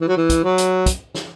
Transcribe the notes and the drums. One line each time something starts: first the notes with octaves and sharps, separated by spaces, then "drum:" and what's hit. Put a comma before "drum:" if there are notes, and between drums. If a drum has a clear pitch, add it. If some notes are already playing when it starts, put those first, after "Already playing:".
E3
F#3
E3
drum: kick, hi-hat
F#3
drum: hi-hat
drum: kick, hi-hat
drum: snare